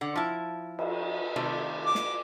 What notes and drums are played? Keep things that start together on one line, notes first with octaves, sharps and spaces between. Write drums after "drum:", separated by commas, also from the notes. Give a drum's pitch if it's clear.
D3 F#5
F3 E4
drum: cymbal
C3 D#3 A3
D6
drum: snare